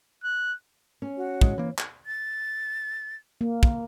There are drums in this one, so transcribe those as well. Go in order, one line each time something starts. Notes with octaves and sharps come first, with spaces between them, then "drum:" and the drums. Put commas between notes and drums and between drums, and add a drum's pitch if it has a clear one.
F#6
C#4
F#4
A2 G#3, drum: kick
E3 A#3
drum: clap
A6
A#3
drum: kick